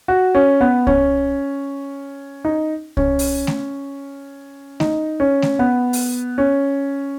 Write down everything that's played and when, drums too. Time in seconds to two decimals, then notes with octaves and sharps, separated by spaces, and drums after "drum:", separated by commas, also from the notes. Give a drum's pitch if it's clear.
0.08 F#4
0.35 C#4
0.61 B3
0.87 C#4, drum: kick C2
2.45 D#4
2.97 C#4, drum: kick C2
3.19 drum: open hi-hat
3.47 drum: snare A3
4.80 D#4, drum: snare A3
5.20 C#4
5.42 drum: snare A3
5.59 B3
5.93 drum: open hi-hat
6.38 C#4